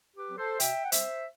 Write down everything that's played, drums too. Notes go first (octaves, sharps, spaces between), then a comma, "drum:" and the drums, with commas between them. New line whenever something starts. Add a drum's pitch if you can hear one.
G4 B4
F#3 C4
A4 C5
B2 E5 G5, drum: hi-hat
F#5
G3 C4 C5 E5, drum: hi-hat